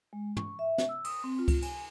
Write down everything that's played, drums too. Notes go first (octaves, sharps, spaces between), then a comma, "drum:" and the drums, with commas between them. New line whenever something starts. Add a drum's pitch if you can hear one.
G#3
C#6, drum: tom
E5
drum: snare
E6
D#6, drum: cymbal
C4
F4
drum: kick C#2, cymbal
G#5, drum: cymbal